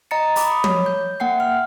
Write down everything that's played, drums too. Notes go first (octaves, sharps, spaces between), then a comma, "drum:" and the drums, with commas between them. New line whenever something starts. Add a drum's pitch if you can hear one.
D#5 A#5 A6 C#7
B5 D6 D#6, drum: open hi-hat
C#5, drum: tom
G6
A#3 F#5 G5 C7
F6